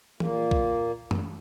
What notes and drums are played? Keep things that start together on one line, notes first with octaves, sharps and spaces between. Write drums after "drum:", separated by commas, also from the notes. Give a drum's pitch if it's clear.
A#2 A#3, drum: tom E3
drum: kick B1
drum: tom F#2